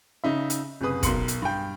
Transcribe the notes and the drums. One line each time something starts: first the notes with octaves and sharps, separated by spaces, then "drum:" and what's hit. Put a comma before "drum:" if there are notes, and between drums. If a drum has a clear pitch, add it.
C#3 D#4 E5
drum: hi-hat
F#1 C3 G#4 B4 D#6
B1 A#4 C6 C#7 F#7, drum: kick, hi-hat
drum: hi-hat
G2 G5